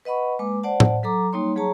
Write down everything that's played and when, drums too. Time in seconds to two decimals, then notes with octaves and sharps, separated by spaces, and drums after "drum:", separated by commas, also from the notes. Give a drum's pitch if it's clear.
0.05 B4 D#5 F#5 B5 C#6
0.39 G#3 A#3 B4 D6
0.63 C5 D5 F#5 A5
0.80 drum: tom A2
1.03 F#3 A4 A#5 D6
1.33 G3 A#3 D#4 C#5 C6
1.56 F#3 G#4 C#5 A5 A#5 C#6